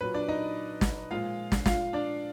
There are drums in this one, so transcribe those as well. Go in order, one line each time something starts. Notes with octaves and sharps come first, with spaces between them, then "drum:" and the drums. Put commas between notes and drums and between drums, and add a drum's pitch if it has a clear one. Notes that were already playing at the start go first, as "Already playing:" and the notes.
A#2 F#3 B4
D4 D5
D#4 D#5
drum: snare
A#2 F3 G#3 F4 F5
drum: snare
F4 F5, drum: snare
D4 D5